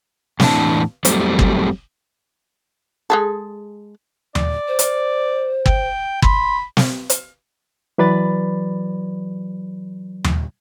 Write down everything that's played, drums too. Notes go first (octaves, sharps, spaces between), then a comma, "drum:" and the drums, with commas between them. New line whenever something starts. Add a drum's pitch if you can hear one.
E2 A2 E3 D4 A5, drum: snare
F2 F#3 G3 A3 C4, drum: hi-hat
drum: kick G1
G#3 G#4 A4
D5, drum: tom D#2
C5
drum: hi-hat
G5, drum: kick G1
B5 C6, drum: kick G1
drum: snare
drum: hi-hat
E3 F#3 B4 D5 B5 A6
drum: tom D#2